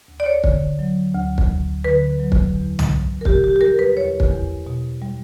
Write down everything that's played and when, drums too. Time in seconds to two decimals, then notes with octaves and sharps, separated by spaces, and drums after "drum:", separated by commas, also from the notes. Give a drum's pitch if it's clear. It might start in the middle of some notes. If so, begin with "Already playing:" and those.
0.08 D2
0.20 D5
0.26 C#5
0.44 D3, drum: kick
0.79 F#3
1.15 D2
1.38 drum: kick
1.49 D2
1.84 D3 B4
2.20 F#3
2.32 drum: kick
2.56 E2
2.79 drum: tom
2.90 E2
3.21 A#4
3.25 B2 G4, drum: kick
3.44 G4
3.56 G4
3.60 G3 A#4
3.79 B4
3.96 E2 C#5
4.20 drum: kick
4.31 E2
4.67 B2
5.02 G3